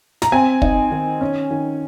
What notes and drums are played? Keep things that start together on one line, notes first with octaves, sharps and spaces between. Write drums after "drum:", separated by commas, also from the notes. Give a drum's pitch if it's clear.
A#5, drum: snare
C4 G#5
D#4, drum: kick
D#3
C#4
D#3